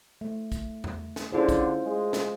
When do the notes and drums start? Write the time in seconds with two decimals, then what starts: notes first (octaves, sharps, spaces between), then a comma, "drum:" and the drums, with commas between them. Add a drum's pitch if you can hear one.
0.21 A3
0.52 drum: kick, hi-hat
0.84 drum: tom E2
1.16 drum: snare
1.32 D3 C#4 E4 F4 G#4 C5
1.49 drum: kick, hi-hat
1.85 G#3
2.13 drum: snare